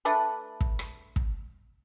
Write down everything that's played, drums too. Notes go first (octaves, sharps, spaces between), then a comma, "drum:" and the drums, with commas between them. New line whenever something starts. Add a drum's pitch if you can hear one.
A3 D4 B4
drum: kick
drum: rim click
drum: kick